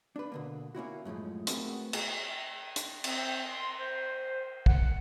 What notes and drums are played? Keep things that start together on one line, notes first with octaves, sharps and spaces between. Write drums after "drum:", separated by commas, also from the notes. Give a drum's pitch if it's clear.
D4 B4
B2 D3 A#3
A#3 C#4 E4 F#4
F#2 A2 F3 G#3
A3 B3 C4 F#4 G#4 A#4, drum: hi-hat
F#4 G#4 D#5, drum: cymbal
drum: hi-hat
C4, drum: cymbal
C6
C5
F#5, drum: kick